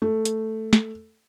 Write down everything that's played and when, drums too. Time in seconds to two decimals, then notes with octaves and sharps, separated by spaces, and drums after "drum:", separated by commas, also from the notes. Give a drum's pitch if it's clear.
0.02 A3
0.25 drum: hi-hat
0.73 drum: snare